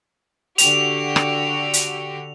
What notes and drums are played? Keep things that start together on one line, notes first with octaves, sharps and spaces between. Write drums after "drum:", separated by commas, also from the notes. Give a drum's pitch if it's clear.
D3 F#4 G4 F7, drum: hi-hat
drum: rim click
drum: hi-hat